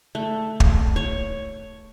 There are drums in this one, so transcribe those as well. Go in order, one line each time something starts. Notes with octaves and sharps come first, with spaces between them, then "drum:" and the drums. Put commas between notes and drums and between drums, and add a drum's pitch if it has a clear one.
A3
drum: kick
C#5